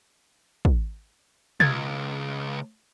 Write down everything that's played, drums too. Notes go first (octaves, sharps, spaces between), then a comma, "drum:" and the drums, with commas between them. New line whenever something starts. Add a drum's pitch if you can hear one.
drum: kick
C#2 G#6 A6, drum: tom